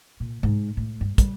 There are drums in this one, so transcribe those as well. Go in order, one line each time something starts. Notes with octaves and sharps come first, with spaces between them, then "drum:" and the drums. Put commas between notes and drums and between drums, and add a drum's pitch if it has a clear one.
A#2
G#2
A2
G2
G3, drum: kick, hi-hat